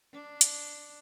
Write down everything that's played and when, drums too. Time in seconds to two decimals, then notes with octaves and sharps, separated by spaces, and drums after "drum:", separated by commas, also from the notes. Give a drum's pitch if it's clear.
0.13 D4
0.41 drum: hi-hat